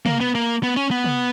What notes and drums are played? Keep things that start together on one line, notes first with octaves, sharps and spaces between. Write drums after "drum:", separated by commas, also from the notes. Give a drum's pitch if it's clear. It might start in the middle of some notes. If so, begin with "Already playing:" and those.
A#3, drum: tom
B3
A#3
B3
C#4
B3
drum: tom